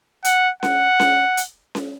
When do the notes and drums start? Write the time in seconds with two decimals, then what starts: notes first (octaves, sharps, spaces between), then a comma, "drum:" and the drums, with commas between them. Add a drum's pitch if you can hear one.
0.24 F#5, drum: hi-hat
0.63 F#5, drum: snare C#4
1.00 drum: snare C#4
1.37 drum: hi-hat
1.75 drum: snare C#4